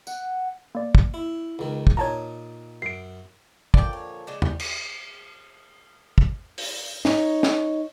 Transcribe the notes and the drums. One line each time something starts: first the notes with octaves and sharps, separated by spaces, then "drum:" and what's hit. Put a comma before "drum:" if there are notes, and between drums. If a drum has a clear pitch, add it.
F#5, drum: tambourine
A#3 D5
drum: kick
E4
C#2 D#3
drum: kick
A#2 D#4 C#5 A5 A#5
F#2 C7 D7
A#2 D3 F3 D5 G5, drum: kick
C#5
C#3 G#3 D4
G3, drum: tom
drum: cymbal
drum: kick
drum: open hi-hat
D#4 C#5, drum: snare
drum: snare